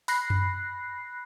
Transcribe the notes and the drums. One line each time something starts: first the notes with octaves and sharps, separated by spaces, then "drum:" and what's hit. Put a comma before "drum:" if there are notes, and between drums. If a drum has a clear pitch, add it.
B5 F#6 A#6 C7, drum: open hi-hat
drum: tom F#2